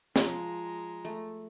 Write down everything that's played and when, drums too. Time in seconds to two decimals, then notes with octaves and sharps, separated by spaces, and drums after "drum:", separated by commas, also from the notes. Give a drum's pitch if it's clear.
0.16 F3 G#3 A#5, drum: snare
1.05 A3